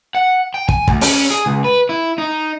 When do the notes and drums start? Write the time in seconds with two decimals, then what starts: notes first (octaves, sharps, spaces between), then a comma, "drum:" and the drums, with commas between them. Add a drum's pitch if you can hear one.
0.15 F#5
0.54 G5
0.69 G#5, drum: kick
0.88 D2, drum: kick
1.01 C#4, drum: open hi-hat
1.31 G#4
1.46 C#2
1.64 B4
1.89 E4
2.18 D#4